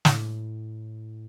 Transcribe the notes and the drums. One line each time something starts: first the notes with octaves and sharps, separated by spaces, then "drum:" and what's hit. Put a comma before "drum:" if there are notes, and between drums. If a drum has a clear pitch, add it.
A2, drum: snare